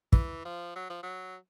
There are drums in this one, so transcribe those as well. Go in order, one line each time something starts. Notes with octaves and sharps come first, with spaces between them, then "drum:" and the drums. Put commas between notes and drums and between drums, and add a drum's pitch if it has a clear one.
E3, drum: kick
F3
F#3
F3
F#3